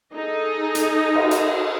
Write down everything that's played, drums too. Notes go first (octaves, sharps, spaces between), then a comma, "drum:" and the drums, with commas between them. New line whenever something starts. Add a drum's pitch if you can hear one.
D#4 G#4 A4 D#5
drum: hi-hat
drum: cymbal
drum: hi-hat